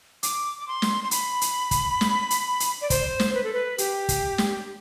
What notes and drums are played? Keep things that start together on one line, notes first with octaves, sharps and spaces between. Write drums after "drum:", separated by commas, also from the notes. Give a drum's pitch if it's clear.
D6, drum: hi-hat
D6
C6
drum: snare
C6
B5, drum: hi-hat
drum: hi-hat
drum: kick, hi-hat
drum: snare
drum: hi-hat
drum: hi-hat
D5
C5, drum: kick, hi-hat
drum: snare
B4
A4
B4
G4, drum: hi-hat
drum: kick, hi-hat
drum: snare